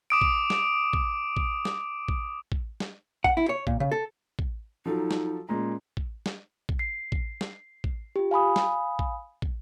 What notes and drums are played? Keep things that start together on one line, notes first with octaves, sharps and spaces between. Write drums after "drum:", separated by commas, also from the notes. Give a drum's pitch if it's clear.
D6 D#6 D7
drum: kick
drum: snare
drum: kick
drum: kick
drum: snare
drum: kick
drum: kick
drum: snare
F#5, drum: kick
E4
C#5
A#2, drum: kick
C#3
A4
drum: kick
F3 F#3 D#4 A4
drum: snare
A#2 G#3 C#4 A#5
drum: kick
drum: snare
drum: kick
C7
drum: kick
drum: snare
drum: kick
F4 G4
F5 G#5 B5 D#6
drum: snare
drum: kick
drum: kick